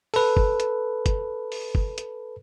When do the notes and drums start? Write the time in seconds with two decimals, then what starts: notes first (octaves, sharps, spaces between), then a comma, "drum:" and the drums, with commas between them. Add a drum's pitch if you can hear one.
0.14 A4 B4, drum: open hi-hat
0.37 drum: kick G1
0.60 drum: hi-hat
1.06 drum: kick G1, hi-hat
1.52 drum: open hi-hat
1.75 drum: kick G1
1.98 drum: hi-hat